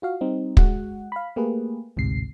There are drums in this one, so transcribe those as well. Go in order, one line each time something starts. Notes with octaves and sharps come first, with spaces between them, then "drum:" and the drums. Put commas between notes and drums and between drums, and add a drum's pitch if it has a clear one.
F4 F#4 F5
G3 C4 D#4
G#3 F#4 F#5, drum: kick
F5 B5
A3 A#3 G4 G#4 B4
A1 D2 G#2 C3 C7